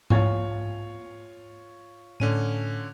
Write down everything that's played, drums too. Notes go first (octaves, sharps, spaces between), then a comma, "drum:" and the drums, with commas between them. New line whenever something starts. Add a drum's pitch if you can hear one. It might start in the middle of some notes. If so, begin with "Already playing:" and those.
F4 C#5, drum: tom G#2
A2 D3 C#4 D#7